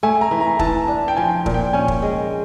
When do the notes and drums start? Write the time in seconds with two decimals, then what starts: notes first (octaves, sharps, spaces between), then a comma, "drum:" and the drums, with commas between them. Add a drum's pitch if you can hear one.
0.03 A3 G#5
0.21 A#5
0.31 E3
0.41 A#5
0.59 E3 A5, drum: kick
0.88 D4
1.08 G5
1.17 F3 G#5
1.46 A#2, drum: kick
1.54 G5
1.73 C#4 G#5
1.88 drum: kick
2.02 G#3